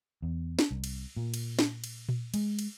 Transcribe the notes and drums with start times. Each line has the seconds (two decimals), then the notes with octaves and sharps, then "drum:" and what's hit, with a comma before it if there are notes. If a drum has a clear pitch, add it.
0.22 E2
0.59 drum: snare
0.71 C2
0.84 drum: cymbal
1.17 A#2
1.34 drum: cymbal
1.59 drum: snare
1.84 drum: cymbal
2.09 drum: tom A#2
2.34 G#3, drum: cymbal
2.59 drum: cymbal